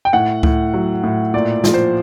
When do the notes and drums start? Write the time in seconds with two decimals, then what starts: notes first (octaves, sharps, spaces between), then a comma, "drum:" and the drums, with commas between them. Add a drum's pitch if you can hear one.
0.05 G5
0.13 A2 F#5
0.43 A2, drum: kick C#2
0.74 F#3
1.04 A2
1.34 A#2 D5
1.64 F3, drum: snare
1.74 C5